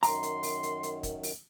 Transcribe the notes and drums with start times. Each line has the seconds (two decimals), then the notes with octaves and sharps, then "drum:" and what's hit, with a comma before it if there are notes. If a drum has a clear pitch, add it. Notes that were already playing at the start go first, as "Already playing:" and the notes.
0.03 F#2 D#3 F#3 A#5 C6, drum: open hi-hat
0.23 drum: hi-hat
0.43 drum: open hi-hat
0.63 drum: hi-hat
0.83 drum: hi-hat
1.03 drum: kick, hi-hat
1.23 drum: open hi-hat